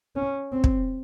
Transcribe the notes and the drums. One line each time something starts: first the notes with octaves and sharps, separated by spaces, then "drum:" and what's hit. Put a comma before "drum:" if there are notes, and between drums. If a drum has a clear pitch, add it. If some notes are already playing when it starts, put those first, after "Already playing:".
C#4
C4
drum: kick